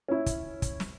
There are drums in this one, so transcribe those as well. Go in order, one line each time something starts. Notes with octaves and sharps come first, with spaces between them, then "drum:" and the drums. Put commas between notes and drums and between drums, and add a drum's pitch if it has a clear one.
C#4 E4
drum: kick, hi-hat
drum: kick, hi-hat
drum: snare